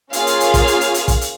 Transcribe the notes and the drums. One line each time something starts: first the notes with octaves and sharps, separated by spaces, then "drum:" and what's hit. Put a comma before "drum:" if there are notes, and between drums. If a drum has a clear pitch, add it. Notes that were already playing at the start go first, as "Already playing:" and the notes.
A#3 C#4 F4 G#4 F5, drum: hi-hat
drum: hi-hat
drum: hi-hat
drum: kick, hi-hat
drum: hi-hat
drum: hi-hat
drum: hi-hat
drum: kick, hi-hat
drum: hi-hat